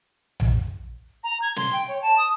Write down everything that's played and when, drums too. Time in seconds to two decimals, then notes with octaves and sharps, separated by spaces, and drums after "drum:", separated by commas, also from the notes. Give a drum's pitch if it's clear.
0.40 drum: tom A#1
1.23 A#5
1.41 G#6
1.56 C6, drum: snare
1.73 G5
1.88 C#5
2.02 A5
2.17 D#6